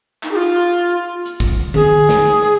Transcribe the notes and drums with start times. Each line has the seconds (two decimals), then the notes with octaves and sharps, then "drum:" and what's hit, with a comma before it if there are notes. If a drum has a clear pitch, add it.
0.23 D#4, drum: clap
0.31 G#4
0.35 F4
1.26 drum: hi-hat
1.40 drum: kick
1.74 G#4, drum: tom D3
2.09 drum: snare